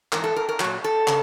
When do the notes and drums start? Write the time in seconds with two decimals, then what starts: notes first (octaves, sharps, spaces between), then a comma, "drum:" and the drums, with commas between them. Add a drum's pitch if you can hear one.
0.12 G#2 E3 A#4, drum: clap
0.24 A4
0.36 A#4
0.49 A#4
0.60 A#2 F#3, drum: clap
0.84 A4
1.07 C#3, drum: clap